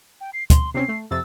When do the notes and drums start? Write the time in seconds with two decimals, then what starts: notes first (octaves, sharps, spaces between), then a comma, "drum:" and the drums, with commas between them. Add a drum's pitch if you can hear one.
0.21 G5
0.33 C7
0.50 C6, drum: kick, hi-hat
0.74 C3 C4 C#4 C7
0.88 A3
1.11 F2 C3 E6 A6